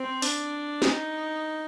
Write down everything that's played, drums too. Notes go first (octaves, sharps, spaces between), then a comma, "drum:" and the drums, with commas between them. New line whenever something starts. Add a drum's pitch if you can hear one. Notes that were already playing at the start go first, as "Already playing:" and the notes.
Already playing: C4
D4, drum: open hi-hat
D#4, drum: snare